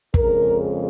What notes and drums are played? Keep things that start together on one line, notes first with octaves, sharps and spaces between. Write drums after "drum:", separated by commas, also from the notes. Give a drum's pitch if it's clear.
F2 C#3 G#3 A#4, drum: kick